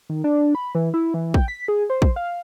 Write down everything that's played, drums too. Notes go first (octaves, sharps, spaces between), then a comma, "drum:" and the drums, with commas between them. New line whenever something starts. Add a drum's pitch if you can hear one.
D#3
D4
B5
E3
E4
E3
G5, drum: kick
B6
G#4
C5
drum: kick
F5